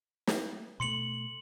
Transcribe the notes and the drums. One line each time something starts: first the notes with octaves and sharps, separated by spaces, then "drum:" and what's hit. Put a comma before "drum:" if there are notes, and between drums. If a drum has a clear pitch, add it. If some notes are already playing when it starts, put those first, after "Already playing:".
drum: snare
B2 A3 C6 C#7 F#7